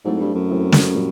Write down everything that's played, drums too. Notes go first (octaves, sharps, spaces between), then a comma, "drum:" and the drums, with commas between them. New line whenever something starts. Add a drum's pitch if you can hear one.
G#2 F#3 A3 C4 E4 A4
G2
F#2
F#3 A3 C4 E4 A4
drum: snare
A#2 G3